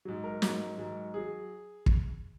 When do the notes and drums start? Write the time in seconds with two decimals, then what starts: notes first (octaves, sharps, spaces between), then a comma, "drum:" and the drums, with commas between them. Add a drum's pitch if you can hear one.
0.05 G#2 F#3
0.24 A#4
0.42 G#2 F#3, drum: snare
0.78 G#2 F#3
1.14 F#3 G#4
1.86 drum: kick